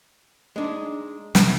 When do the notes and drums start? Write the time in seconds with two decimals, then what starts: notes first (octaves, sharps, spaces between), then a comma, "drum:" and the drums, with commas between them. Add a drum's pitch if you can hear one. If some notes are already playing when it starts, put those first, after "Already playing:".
0.56 G#3 D4 D#4
1.35 C3 F3, drum: snare